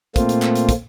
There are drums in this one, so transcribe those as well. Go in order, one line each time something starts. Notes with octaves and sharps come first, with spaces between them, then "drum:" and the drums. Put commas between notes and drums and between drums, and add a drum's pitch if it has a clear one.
A#2 A3 A#3 C4 F4, drum: kick, hi-hat
drum: hi-hat
drum: clap
drum: hi-hat
drum: kick, hi-hat